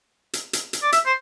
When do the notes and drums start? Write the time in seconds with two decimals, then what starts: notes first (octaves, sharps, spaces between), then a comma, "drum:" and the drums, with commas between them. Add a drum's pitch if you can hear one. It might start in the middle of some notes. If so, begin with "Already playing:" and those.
0.33 drum: hi-hat
0.53 drum: hi-hat
0.73 drum: hi-hat
0.82 D5
0.92 E5, drum: hi-hat
1.06 C5